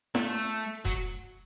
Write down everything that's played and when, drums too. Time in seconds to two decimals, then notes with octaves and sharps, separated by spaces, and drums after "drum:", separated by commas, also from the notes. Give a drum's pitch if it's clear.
0.15 A3, drum: snare
0.85 F#3, drum: kick E1